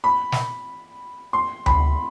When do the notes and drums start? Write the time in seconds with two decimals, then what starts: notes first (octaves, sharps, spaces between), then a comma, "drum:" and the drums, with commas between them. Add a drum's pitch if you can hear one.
0.04 B5
0.32 drum: snare
1.33 C6
1.66 B5, drum: tom D2